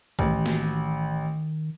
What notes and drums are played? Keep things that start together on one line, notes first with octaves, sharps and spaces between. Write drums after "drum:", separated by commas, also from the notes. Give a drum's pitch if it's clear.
A1 D#3, drum: kick
drum: snare